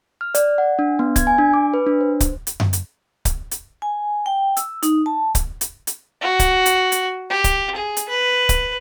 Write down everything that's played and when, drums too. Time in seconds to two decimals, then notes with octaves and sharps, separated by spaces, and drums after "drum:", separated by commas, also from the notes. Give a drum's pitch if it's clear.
0.21 F6
0.35 D5, drum: hi-hat
0.58 F#5
0.79 D4
0.99 B3
1.16 G#6, drum: kick C#1, hi-hat
1.27 G#5
1.38 D4
1.54 D6
1.74 B4
1.86 D4
2.01 C5
2.20 drum: kick C#1, hi-hat
2.47 drum: hi-hat
2.60 drum: tom F#2
2.73 drum: hi-hat
3.25 drum: kick C#1, hi-hat
3.51 drum: hi-hat
3.82 G#5
4.26 G5
4.57 E6, drum: hi-hat
4.83 D#4, drum: hi-hat
5.06 A5
5.35 drum: kick C#1, hi-hat
5.61 drum: hi-hat
5.87 drum: hi-hat
6.21 F#4
6.39 drum: kick C#1, hi-hat
6.66 drum: hi-hat
6.92 drum: hi-hat
7.30 G4
7.44 drum: kick C#1, hi-hat
7.75 G#4
7.97 drum: hi-hat
8.09 B4
8.49 drum: kick C#1, hi-hat